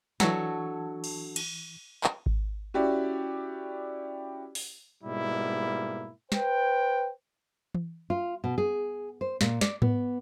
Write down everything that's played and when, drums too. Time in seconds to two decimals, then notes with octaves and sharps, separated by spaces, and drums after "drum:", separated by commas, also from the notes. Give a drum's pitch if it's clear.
0.20 E3 F#3 D4 F#4 A4 C#6 G#6, drum: snare
1.04 drum: cymbal
1.36 drum: cymbal
2.04 drum: clap
2.26 drum: kick G#1
2.74 C#4 E4 F#4 G4 D5
4.55 drum: open hi-hat
5.04 G#2 B2 G3 A#3 E4
6.32 B4 C5 G5, drum: snare
7.75 drum: tom E3
8.10 F4
8.44 B2
8.58 G#4
9.21 C5
9.41 A#2, drum: snare
9.61 D5, drum: snare
9.82 B3, drum: tom G#2